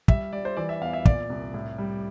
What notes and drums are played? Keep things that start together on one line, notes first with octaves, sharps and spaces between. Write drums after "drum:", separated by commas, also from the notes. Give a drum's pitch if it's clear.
G3 E5, drum: kick
G3 D5
C5
E3 D5
E5
E2 F5
E5
A#2 D5, drum: kick
C2
A2
G3